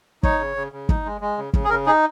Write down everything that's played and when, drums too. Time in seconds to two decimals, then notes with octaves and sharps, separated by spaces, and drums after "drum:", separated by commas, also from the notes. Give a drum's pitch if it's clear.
0.23 D#4 C#5, drum: kick
0.39 C#3
0.56 C#3
0.72 C#3
0.89 D#4, drum: kick
1.06 G#3
1.21 G#3
1.38 C#3
1.53 C#3, drum: kick
1.64 G#4
1.70 C#3 A#4
1.86 D#4 G#4